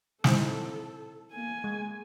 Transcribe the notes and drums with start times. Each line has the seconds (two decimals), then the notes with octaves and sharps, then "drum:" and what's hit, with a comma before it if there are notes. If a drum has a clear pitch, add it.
0.24 C4 D#4 E4 A4, drum: snare
1.33 A#3 G#5
1.64 G#3